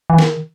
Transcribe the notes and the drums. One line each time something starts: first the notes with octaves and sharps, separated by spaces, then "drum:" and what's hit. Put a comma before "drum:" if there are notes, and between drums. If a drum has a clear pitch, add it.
E3
D#3, drum: snare